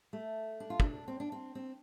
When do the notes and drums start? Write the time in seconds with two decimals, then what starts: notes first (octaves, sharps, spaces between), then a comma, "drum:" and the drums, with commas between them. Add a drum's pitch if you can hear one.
0.13 A3
0.60 D4
0.70 F4
0.80 D4, drum: kick
1.08 C4
1.20 D4
1.32 C4
1.55 C4